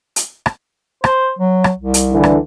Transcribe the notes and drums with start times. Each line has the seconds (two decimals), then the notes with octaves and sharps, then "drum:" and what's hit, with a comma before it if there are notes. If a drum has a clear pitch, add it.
0.16 drum: hi-hat
0.46 drum: rim click
1.04 C5, drum: rim click
1.39 F#3
1.64 drum: rim click
1.79 C2
1.94 drum: hi-hat
2.11 D3 E3
2.23 drum: rim click